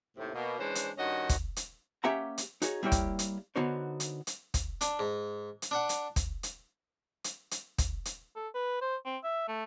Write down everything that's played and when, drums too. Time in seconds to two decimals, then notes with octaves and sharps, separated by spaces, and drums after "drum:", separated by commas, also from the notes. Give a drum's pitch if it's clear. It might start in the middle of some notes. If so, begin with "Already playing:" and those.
0.17 D#2 A2 C3
0.34 B2 A#3
0.59 E3 G#3 C#4 D4 B4 C5
0.75 drum: hi-hat
0.97 G2 D#3 C#4 F#4 D#5
1.29 drum: kick, hi-hat
1.56 drum: hi-hat
2.04 A#3 C#4 G4 E5 F#5 A#5
2.38 drum: hi-hat
2.62 D#4 F#4 G#4 C#5, drum: hi-hat
2.83 G3 A#3 E4 G4 C#5 G5
2.92 drum: kick, hi-hat
3.19 drum: hi-hat
3.56 D3 B3 D#4 F#4 C5 C#5
4.00 drum: hi-hat
4.27 drum: hi-hat
4.54 drum: kick, hi-hat
4.81 D4, drum: hi-hat
4.99 G#2
5.62 drum: hi-hat
5.71 D4 D5 F#5
5.89 drum: hi-hat
6.16 drum: kick, hi-hat
6.43 drum: hi-hat
7.24 drum: hi-hat
7.51 drum: hi-hat
7.78 drum: kick, hi-hat
8.05 drum: hi-hat
8.36 A4
8.55 B4
8.81 C5
9.05 C4
9.24 E5
9.48 A3